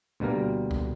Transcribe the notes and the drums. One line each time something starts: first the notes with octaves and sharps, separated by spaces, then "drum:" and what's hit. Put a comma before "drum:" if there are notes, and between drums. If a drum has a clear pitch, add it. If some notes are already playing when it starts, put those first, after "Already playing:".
D2 B2 G3 A#3 A#4
drum: kick C#2